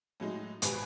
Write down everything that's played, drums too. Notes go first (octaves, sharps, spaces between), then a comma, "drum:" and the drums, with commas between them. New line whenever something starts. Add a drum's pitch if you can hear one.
A2 F#3 G#3 D#4
G#1 G#2 B2 G4 B4 G#5, drum: hi-hat